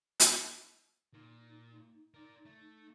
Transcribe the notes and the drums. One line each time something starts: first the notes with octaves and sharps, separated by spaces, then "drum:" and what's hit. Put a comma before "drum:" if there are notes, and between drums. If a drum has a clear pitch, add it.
drum: hi-hat
A#2 D#4
A#4 D5
A3